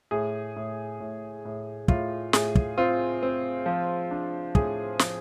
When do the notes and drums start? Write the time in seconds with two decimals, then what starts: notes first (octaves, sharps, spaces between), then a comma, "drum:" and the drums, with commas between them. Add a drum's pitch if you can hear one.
0.11 A2 G#4
0.56 A2
1.00 A2
1.45 A2
1.88 A2 F4, drum: kick
2.33 A2 G#4, drum: snare
2.55 drum: kick
2.78 C4 F4
3.23 C4
3.66 F3
4.11 D4
4.55 A2 G#4, drum: kick
4.99 F3, drum: snare